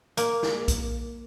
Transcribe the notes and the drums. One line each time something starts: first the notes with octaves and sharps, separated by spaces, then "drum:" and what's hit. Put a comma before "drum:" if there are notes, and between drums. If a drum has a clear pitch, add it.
A#3, drum: hi-hat
drum: snare
drum: kick B1, hi-hat